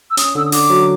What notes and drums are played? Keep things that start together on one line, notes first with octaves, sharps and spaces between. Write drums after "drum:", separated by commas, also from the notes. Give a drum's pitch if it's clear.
E6
C#4 D#6, drum: hi-hat
D3 E6
D#6
D3 D6, drum: open hi-hat
F#3